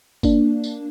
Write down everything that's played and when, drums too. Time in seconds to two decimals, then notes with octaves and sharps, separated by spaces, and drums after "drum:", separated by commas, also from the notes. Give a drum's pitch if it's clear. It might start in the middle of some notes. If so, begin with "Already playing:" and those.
0.23 A#3 D4, drum: kick G1, tambourine
0.64 drum: tambourine